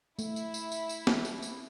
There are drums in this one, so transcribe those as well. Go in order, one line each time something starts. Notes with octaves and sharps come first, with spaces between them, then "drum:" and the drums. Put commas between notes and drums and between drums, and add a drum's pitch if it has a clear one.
A3 E4, drum: tambourine
drum: tambourine
drum: tambourine
drum: tambourine
drum: tambourine
drum: snare
drum: tambourine
drum: tambourine